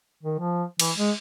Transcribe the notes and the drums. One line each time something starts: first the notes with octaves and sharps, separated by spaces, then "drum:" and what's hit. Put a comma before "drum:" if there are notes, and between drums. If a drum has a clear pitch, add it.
D#3
F3
E3, drum: cymbal
G#3